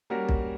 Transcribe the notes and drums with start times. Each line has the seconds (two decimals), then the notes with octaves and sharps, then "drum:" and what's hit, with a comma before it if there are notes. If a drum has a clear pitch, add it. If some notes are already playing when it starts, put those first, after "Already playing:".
0.10 G3 A#3 C#4 F#4 A#4
0.29 drum: kick B1